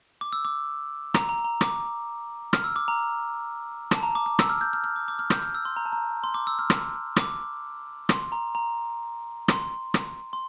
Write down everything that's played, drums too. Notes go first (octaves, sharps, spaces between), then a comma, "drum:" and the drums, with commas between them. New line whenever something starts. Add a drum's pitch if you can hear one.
D6
E6
D6
A#5, drum: rim click
A#5
A#5
D6, drum: rim click
F6, drum: rim click
E6
D6
A#5
A5, drum: rim click
A#5
D6
D6
E6, drum: rim click
F6
G6
F6
F6
D6
D6
F6
G6, drum: rim click
F6
E6
C6
A#5
A5
A#5
C6
D6
E6
F6
drum: rim click
D6, drum: rim click
C6, drum: rim click
A#5
A#5
C6, drum: rim click
drum: rim click
C6